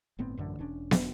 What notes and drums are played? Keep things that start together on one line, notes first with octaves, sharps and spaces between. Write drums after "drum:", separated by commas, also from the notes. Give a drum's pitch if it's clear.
G1 A2 B3 C4
A1 F#2 D3
E1 C#4 D4
drum: snare